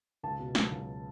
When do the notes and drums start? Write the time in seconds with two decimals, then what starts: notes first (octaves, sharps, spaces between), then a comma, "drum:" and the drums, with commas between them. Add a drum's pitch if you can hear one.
0.23 C#2 A5
0.39 B2
0.55 F#3, drum: snare
0.72 C#2